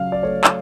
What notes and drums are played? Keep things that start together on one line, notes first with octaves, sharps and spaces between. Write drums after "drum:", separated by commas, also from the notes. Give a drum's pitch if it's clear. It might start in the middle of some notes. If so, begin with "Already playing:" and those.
Already playing: C#3 F#3 F5
D5
A3 C#5
drum: clap